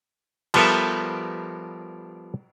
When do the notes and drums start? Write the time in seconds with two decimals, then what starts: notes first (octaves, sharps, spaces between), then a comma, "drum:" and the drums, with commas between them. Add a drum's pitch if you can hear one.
0.54 F3 G3 B3 A4 A#4 E5, drum: cymbal